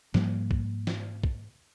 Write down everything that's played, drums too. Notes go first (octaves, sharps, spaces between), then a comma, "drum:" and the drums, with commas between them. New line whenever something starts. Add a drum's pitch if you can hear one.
G#2 F3 G3 A#3, drum: snare
drum: kick
drum: snare
drum: kick